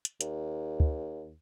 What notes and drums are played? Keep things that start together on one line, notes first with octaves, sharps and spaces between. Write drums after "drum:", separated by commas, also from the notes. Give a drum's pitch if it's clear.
drum: hi-hat
D#2, drum: hi-hat
drum: kick